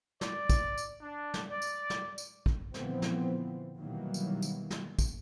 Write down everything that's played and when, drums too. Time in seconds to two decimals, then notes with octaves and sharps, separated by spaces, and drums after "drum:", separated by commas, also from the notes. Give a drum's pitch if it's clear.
0.21 D5, drum: snare
0.49 drum: kick, tambourine
0.78 drum: tambourine
1.00 D4
1.34 drum: snare
1.51 D5
1.62 drum: tambourine
1.90 drum: snare
2.18 drum: tambourine
2.46 drum: kick
2.74 A#2 D3 E3 F3 B3 C4, drum: snare
3.02 drum: snare
3.78 B2 D#3 E3 F#3 G3 A#3
4.14 drum: tambourine
4.42 drum: tambourine
4.70 drum: snare
4.99 drum: kick, tambourine